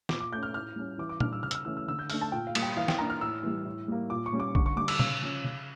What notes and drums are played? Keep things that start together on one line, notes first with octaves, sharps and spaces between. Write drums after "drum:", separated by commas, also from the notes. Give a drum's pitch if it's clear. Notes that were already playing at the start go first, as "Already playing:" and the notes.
A#2 D6, drum: snare
D6
A3 C#4 G6
F6
A2 F6
G3 C#4
E3 D6
D6
G3 D4 F6, drum: tom A#2
E6
C#3 F6
E6, drum: hi-hat
F6
E3 A3 C#4 E6
E6
D3 E6
G6
A3 D4 F6, drum: open hi-hat
A5
A#2 G5
F5
G3 A#3, drum: cymbal
G5
E3 F5
G5, drum: snare
A#3 D4 A#5
F6
A2 E6
E3 G3
A2
G3 A#3
A#2 D6
C#6
G3 C#4
D6
D3 C#6, drum: kick
C#6
G3 D4 D6
E6, drum: cymbal
C#3 E6, drum: tom A#2
F3 C#4
C#3